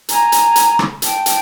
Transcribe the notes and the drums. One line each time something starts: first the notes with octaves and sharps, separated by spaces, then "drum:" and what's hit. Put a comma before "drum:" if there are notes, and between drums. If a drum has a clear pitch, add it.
G#5 A#5, drum: hi-hat
drum: hi-hat
drum: hi-hat
drum: rim click
G5 A5, drum: hi-hat
drum: hi-hat